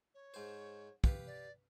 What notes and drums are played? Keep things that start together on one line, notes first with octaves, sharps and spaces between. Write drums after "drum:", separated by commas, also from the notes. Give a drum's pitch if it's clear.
C#5
G#2 C5
G4 B4 F5, drum: kick
D5